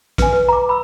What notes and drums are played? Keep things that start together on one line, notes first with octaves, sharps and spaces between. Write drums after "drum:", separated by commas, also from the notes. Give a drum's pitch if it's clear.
B4 G#5, drum: kick, hi-hat
B4
A#5 D6
B5 E6